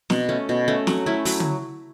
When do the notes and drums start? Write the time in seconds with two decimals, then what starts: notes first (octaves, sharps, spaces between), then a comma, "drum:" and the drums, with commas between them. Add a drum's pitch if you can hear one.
0.10 B2, drum: snare
0.29 A3 C#4
0.49 B2
0.68 A3 C#4
0.87 F#3, drum: snare
1.06 A3 C#4 E4
1.25 F#3, drum: open hi-hat
1.40 drum: tom